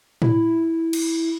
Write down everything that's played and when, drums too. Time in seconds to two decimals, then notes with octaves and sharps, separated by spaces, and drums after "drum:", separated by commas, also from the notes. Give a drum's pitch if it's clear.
0.22 E4, drum: tom A2
0.93 drum: cymbal